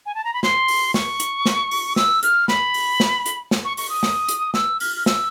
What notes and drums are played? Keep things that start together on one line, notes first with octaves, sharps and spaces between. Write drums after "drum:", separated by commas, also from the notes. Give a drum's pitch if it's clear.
G#5
A5
A#5
B5
C6, drum: snare
drum: open hi-hat
C#6, drum: snare
drum: hi-hat
drum: snare
drum: open hi-hat
E6, drum: snare
F6, drum: hi-hat
B5, drum: snare
drum: open hi-hat
drum: snare
drum: hi-hat
drum: snare
C#6
C#6, drum: open hi-hat
D#6
drum: snare
drum: hi-hat
E6, drum: snare
F6, drum: open hi-hat
F6
E6, drum: snare